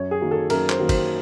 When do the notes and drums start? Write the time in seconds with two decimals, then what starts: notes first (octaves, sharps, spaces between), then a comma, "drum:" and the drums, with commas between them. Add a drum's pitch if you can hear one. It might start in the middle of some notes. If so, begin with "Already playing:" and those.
Already playing: F#2 C#5
0.11 G#4
0.21 D#3 F#3 A#3
0.31 A4
0.50 F#2 A#4, drum: cymbal
0.70 C5, drum: clap
0.79 D#3 F#3 A#3
0.89 C5, drum: kick, cymbal